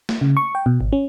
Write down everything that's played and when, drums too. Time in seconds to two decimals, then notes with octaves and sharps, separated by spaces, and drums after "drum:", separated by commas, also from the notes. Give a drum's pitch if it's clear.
0.09 drum: snare
0.21 C#3
0.37 C#6
0.55 G5
0.66 B2
0.81 G#1
0.93 C#4